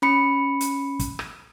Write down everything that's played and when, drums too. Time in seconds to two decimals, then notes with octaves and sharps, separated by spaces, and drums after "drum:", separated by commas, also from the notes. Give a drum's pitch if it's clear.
0.02 C#4 B5 C#7
0.61 drum: hi-hat
0.99 drum: kick, hi-hat
1.19 drum: rim click